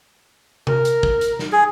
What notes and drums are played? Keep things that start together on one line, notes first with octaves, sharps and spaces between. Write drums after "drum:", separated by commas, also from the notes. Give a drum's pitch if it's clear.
A#4, drum: tom C3
drum: hi-hat
drum: kick
drum: hi-hat
drum: snare
G#4